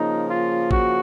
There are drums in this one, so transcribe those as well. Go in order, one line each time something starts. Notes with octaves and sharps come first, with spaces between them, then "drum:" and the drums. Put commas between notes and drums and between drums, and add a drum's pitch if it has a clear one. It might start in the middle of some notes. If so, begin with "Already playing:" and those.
Already playing: C#3 F3 A#3 D#4
F4
F#4, drum: kick